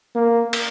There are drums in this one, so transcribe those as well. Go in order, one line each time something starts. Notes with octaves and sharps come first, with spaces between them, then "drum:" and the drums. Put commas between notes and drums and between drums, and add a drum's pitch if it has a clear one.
A#3
drum: cymbal